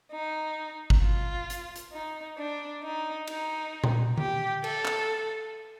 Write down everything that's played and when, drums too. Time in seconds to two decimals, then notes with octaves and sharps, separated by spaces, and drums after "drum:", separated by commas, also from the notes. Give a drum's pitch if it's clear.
0.12 D#4
0.90 drum: kick G1
1.02 F4
1.50 drum: hi-hat
1.76 drum: hi-hat
1.93 D#4
2.38 D4
2.83 D#4
3.27 D#4, drum: cymbal
3.84 drum: tom A#2
4.18 G4, drum: tom D3
4.64 A4, drum: cymbal
4.85 drum: clap